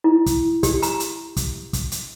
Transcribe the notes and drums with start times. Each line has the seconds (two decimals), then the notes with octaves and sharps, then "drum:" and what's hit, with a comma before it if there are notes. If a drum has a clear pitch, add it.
0.04 E4
0.26 drum: kick, hi-hat
0.63 G4, drum: kick, hi-hat
0.83 A#5, drum: hi-hat
1.00 drum: hi-hat
1.37 drum: kick, hi-hat
1.73 drum: kick, hi-hat
1.92 drum: hi-hat